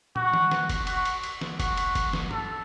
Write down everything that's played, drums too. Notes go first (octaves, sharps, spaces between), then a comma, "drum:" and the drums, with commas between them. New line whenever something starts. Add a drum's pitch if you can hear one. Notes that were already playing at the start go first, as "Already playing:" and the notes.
F#4, drum: tom
drum: tom
drum: snare
drum: kick, cymbal
F#4, drum: cymbal
drum: cymbal
drum: cymbal
drum: snare
F#4, drum: kick, cymbal
drum: cymbal
drum: kick, cymbal
drum: snare
A4, drum: tom G2